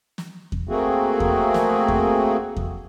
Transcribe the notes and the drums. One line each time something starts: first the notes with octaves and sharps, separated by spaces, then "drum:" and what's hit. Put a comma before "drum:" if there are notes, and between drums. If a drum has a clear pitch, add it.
drum: snare
drum: kick E2
A3 A#3 C4 F#4 G#4
drum: kick E2
drum: snare
drum: kick E2
drum: kick E2